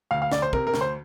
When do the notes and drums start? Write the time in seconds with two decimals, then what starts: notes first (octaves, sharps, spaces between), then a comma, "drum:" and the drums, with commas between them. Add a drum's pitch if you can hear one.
0.11 D2 F5
0.22 F5
0.32 D2 D5, drum: snare
0.42 C5
0.53 C3 A#4, drum: kick
0.67 A#4
0.74 D2, drum: snare
0.81 C5